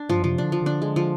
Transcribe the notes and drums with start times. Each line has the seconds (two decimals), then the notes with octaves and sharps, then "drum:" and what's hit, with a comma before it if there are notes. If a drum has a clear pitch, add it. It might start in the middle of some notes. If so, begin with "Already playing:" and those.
Already playing: D4
0.09 F3, drum: tom
0.24 C3 F3
0.38 D3 D4
0.52 F3
0.61 D3 D4
0.82 G#3
0.96 F3